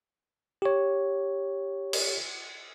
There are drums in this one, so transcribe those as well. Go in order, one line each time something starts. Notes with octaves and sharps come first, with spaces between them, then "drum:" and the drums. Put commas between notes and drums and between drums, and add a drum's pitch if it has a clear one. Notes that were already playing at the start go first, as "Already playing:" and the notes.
G4 C#5
drum: cymbal